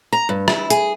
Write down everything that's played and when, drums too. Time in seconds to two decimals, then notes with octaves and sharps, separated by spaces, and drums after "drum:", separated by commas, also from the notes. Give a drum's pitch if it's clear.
0.13 A#5
0.29 G2
0.48 E4, drum: rim click
0.70 G#4, drum: hi-hat